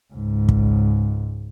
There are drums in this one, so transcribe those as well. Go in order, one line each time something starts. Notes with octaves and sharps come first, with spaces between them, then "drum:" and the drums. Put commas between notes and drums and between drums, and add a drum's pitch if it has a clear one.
C#2 G#2
drum: kick